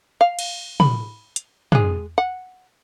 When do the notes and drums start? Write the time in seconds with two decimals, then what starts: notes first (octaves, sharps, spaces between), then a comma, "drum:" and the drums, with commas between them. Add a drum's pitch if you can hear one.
0.21 F5
0.39 drum: cymbal
0.80 B5, drum: tom
1.36 drum: hi-hat
1.72 G#3 G#4, drum: tom
2.18 F#5